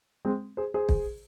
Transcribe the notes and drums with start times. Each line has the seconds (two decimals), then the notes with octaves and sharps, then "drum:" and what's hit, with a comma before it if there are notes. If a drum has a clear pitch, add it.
0.25 G#3 C4
0.57 G#4 C5
0.74 G#4 C5
0.89 drum: kick